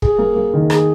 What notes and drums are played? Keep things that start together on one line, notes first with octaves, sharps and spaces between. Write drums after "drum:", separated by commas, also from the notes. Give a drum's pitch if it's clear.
G#4, drum: kick
A#3
A#3
D#3
G#4, drum: rim click